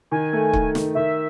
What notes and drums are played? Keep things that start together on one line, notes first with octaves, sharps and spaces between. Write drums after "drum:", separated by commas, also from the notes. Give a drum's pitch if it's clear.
D#3 G#5
A3
D#3, drum: kick C#1
D#3, drum: snare
D#3 E5